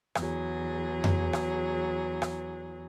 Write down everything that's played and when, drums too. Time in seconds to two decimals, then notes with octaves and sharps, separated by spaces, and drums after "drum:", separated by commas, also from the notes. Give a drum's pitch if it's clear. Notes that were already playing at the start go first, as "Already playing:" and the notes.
0.15 E2 F#3 G#4, drum: rim click
1.04 drum: tom F2
1.33 drum: rim click
2.22 drum: rim click